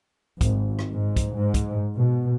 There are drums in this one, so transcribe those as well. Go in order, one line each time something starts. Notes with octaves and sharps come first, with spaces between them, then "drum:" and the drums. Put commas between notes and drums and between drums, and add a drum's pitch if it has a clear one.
G#1, drum: kick, hi-hat
drum: rim click
G#2
drum: kick, hi-hat
G#2
drum: kick, hi-hat
B2